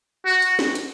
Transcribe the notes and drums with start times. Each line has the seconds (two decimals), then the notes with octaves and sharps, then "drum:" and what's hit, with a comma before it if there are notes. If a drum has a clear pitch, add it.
0.26 F#4
0.42 drum: hi-hat
0.59 drum: snare
0.75 drum: hi-hat